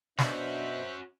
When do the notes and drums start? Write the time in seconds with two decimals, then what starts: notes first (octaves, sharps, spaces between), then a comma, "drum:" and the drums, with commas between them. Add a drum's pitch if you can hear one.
0.19 B2 C#4 D4 F#4 C5 E5, drum: snare